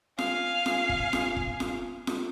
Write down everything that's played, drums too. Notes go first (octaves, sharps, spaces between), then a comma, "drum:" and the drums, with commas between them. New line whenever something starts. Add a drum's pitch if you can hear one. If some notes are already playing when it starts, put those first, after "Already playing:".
F5 G#5, drum: snare F4
drum: snare F4
drum: kick
drum: snare F4
drum: kick
drum: snare F4
drum: snare F4